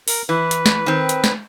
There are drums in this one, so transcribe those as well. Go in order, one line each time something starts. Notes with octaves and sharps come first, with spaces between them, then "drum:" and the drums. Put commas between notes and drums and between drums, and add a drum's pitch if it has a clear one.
A#4, drum: open hi-hat
E3 B4
drum: hi-hat
drum: snare
D#3 C4
drum: hi-hat
drum: snare